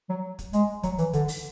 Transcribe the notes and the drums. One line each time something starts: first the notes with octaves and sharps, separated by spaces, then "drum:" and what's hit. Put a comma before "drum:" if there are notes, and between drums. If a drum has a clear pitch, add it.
F#3
drum: kick, hi-hat
G#3, drum: hi-hat
F#3, drum: kick, hi-hat
E3, drum: hi-hat
D3, drum: kick, hi-hat
drum: open hi-hat